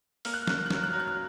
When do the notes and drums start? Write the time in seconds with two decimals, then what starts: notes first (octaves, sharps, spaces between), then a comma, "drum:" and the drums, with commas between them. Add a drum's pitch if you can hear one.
0.25 A#3 F6, drum: open hi-hat
0.34 F#6
0.42 F6
0.47 A#3 F#6, drum: snare
0.58 F6
0.66 F#6
0.71 F#3 F6, drum: snare
0.83 F#6
0.91 F#3 F6
0.99 F#6
1.07 F6